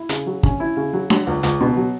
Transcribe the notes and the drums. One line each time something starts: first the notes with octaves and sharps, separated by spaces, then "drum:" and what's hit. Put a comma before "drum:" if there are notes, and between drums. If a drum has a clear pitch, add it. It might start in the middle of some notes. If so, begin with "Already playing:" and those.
Already playing: E4
C#3, drum: hi-hat
F#3
C#4, drum: kick
E4
C#3
F#3
F#3, drum: snare D4
C#2
C#2, drum: hi-hat
B2
F#3